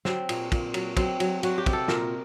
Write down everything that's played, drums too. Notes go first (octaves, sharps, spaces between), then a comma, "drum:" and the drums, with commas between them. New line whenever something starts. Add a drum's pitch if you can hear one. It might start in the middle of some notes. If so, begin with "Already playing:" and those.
F#3 C4, drum: snare
A#2, drum: cymbal
A#2, drum: kick, cymbal
F#3, drum: cymbal
F#3 C4, drum: kick, cymbal
F#3, drum: cymbal
F#3 F#4, drum: cymbal
G4
C3, drum: kick, cymbal
A4
A#2 A#4, drum: snare